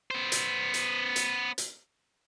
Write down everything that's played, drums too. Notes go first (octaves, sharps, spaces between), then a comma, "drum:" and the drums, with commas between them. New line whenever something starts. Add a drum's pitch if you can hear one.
B3 C5
drum: hi-hat
drum: hi-hat
drum: hi-hat
drum: hi-hat